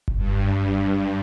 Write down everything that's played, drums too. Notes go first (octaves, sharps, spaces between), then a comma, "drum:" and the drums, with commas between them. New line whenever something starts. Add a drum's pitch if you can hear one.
drum: kick F#1
G2